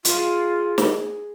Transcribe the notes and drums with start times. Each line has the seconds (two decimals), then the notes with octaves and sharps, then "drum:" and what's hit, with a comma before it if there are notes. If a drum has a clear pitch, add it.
0.05 G#3 F4, drum: hi-hat
0.78 drum: snare